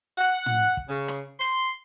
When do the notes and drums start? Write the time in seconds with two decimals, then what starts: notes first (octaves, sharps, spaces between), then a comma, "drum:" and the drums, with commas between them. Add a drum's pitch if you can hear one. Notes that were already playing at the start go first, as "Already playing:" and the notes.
0.18 F#5
0.46 drum: tom
0.77 drum: kick
0.89 C#3
1.08 drum: rim click
1.39 C6